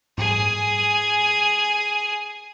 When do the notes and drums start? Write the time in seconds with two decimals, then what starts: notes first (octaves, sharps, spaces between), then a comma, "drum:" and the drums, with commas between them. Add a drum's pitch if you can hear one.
0.18 G#4 G#5, drum: tom G#2